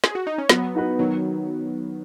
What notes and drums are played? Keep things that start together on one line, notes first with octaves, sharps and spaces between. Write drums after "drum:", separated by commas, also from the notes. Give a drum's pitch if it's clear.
G#4, drum: snare
F#4
D#4
C#4
F#3 B3, drum: snare
D#4 F#4 B4
D#3 F#3